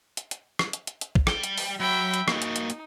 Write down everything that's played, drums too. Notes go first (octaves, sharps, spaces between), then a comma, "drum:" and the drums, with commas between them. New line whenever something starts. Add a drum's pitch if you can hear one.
drum: hi-hat
drum: hi-hat
drum: rim click
drum: hi-hat
drum: hi-hat
drum: hi-hat
drum: kick
G3 G5, drum: rim click
drum: hi-hat
drum: open hi-hat
F#3 E5 G5 B5
drum: hi-hat
A#3 D#4 F#4, drum: rim click
drum: hi-hat
drum: hi-hat
drum: hi-hat